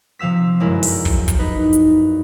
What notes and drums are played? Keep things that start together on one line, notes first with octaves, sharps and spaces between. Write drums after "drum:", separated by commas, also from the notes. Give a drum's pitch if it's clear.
C3 F3 F5 E6 B6
G1 F#2 G#3 E4 A#4
drum: open hi-hat
drum: kick
drum: kick, hi-hat
D#4 B4
drum: hi-hat